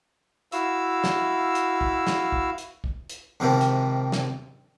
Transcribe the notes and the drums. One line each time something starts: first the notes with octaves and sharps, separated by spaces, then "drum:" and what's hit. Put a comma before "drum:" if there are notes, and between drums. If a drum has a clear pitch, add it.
E4 F#4 F5 E6, drum: hi-hat
drum: snare
drum: hi-hat
drum: kick
drum: snare
drum: kick
drum: hi-hat
drum: kick
drum: hi-hat
G#2 C3 D#3 F3 C4 E4
drum: hi-hat
drum: snare